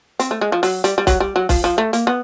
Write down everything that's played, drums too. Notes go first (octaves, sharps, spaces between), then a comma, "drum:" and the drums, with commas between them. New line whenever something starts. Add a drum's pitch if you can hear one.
C4, drum: hi-hat
A3
G#3
F3
F#3, drum: open hi-hat
G3, drum: hi-hat
G3
F#3, drum: kick, hi-hat
G3
F#3
F3, drum: kick, open hi-hat
F3
A3
A#3, drum: hi-hat
B3